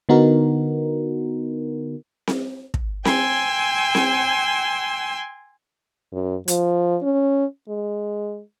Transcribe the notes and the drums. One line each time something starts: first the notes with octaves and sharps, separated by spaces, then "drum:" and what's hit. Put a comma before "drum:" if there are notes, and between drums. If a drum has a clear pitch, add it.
D3 B3 D#4 F#4 A#4
drum: snare C4
drum: kick
G5 G#5 C6 E6, drum: snare C4
drum: snare C4
F#2
F3, drum: hi-hat
C#4
G#3